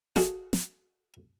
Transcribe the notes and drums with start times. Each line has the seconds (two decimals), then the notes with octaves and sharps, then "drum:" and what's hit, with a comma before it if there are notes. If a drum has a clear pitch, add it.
0.16 F#4 G#4 A4 D#5 F5 F#5, drum: snare
0.53 drum: snare